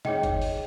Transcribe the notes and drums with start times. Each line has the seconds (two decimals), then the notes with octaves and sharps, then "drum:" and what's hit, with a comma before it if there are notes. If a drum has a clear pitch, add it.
0.05 D#4 G#4 C#5 D#5 G5, drum: snare
0.23 drum: kick G1, hi-hat
0.42 drum: open hi-hat